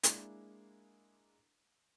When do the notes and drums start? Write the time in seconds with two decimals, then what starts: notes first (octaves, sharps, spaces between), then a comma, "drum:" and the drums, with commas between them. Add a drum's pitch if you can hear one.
0.03 G#3 A#3 D4 E4, drum: hi-hat